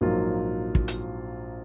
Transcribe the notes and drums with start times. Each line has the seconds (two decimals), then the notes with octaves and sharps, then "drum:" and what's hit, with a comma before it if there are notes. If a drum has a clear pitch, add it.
0.01 A#1 G#2 F#3 A#3 F4
0.75 drum: kick
0.88 drum: hi-hat